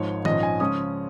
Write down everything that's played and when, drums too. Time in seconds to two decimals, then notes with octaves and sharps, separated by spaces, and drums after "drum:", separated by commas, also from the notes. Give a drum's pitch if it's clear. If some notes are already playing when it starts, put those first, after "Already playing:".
Already playing: G#1 G#2 F3 C#5
0.25 A#1 G#2 F3 C#4 D#5, drum: tom D#3
0.43 G#5
0.60 C#3 F3 G#3 C#4 D#6